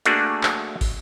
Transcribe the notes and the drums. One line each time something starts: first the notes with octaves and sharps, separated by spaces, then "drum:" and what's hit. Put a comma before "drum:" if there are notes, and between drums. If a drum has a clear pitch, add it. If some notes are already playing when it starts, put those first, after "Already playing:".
A3 A#3 D4 F#4 G#4, drum: hi-hat
drum: clap
drum: kick, open hi-hat